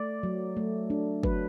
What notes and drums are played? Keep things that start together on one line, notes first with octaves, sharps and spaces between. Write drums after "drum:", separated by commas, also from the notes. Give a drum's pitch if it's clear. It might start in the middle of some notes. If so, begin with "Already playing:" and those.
Already playing: A3 D5
F#3
A3
D4
F#3 B4, drum: kick